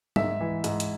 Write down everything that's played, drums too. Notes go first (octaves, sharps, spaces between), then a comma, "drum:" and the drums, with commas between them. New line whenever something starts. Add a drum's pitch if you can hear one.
G#2 E5, drum: tom G3
E3
G#2, drum: hi-hat
drum: hi-hat